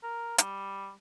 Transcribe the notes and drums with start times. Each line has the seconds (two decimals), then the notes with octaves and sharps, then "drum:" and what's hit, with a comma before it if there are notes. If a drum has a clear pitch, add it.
0.03 A#4
0.38 G3, drum: hi-hat